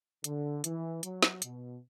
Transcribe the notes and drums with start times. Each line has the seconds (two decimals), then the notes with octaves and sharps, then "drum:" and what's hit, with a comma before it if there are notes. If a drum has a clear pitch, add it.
0.24 D3, drum: hi-hat
0.64 E3, drum: hi-hat
1.03 F#3, drum: hi-hat
1.23 drum: snare
1.42 B2, drum: hi-hat